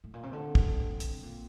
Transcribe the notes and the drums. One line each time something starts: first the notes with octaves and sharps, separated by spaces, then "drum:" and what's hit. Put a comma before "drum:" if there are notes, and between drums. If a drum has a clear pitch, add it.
A2
A#2
C3
D3 C4
drum: kick
drum: hi-hat
C3
A#2